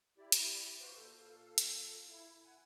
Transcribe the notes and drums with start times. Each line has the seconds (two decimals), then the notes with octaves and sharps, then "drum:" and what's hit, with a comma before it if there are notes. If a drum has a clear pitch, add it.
0.18 E4 G4 D5
0.32 drum: hi-hat
0.80 F#4 B4 C5 F5 D6
0.95 A#2 A4 G6
1.19 A#2 A4 F5
1.58 drum: hi-hat
2.07 E4
2.44 F#5 G#5